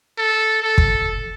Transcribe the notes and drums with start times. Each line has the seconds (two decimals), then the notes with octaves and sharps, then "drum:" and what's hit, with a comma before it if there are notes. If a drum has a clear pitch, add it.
0.18 A4
0.62 A4
0.78 drum: kick